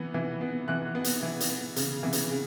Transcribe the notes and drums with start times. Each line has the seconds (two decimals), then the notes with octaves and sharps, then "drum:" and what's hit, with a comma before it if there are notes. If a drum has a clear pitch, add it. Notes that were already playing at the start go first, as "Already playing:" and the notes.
Already playing: E3 B3
0.14 E3
0.41 B3
0.68 E3 F#6
0.95 B3
1.04 drum: hi-hat
1.23 E3
1.40 drum: hi-hat
1.50 B3
1.76 C#3, drum: hi-hat
2.03 E3 B3
2.13 drum: hi-hat
2.31 C#3